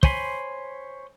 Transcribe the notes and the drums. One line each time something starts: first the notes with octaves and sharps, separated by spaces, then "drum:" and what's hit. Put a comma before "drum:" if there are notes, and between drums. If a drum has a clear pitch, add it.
C5 C#5 G#5 B5 C6, drum: kick